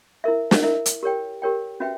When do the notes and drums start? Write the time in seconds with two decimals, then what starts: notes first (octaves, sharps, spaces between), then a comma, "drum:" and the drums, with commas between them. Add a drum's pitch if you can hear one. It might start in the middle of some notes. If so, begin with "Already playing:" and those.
0.24 E4 A#4 E5
0.51 drum: snare
0.63 E4 A#4 E5
0.86 drum: hi-hat
1.03 G4 A#4 C#5 G5
1.42 G4 A#4 C#5 G5
1.80 C#4 F#4 B4 E5 G5